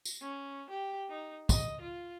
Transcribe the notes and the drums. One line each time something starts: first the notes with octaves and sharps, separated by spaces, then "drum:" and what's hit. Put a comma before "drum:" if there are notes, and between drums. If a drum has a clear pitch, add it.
drum: tambourine
C#4
G4
D#4
D#5, drum: kick, tambourine
F4